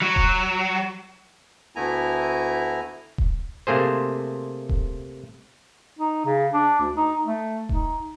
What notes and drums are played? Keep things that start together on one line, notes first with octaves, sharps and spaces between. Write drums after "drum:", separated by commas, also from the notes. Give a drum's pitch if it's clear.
F#3
drum: kick D#1
D2 A3 B3 E4 G#5 A#5
drum: kick D#1
C3 A3 A#3 G#4 C5
drum: kick D#1
D#4
C#3
D4
D2
D#4
A3
D#4, drum: kick D#1